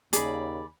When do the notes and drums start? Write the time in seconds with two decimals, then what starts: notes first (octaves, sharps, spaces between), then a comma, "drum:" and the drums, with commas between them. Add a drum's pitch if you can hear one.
0.13 D#2 C#3 G#4 D5 B5, drum: hi-hat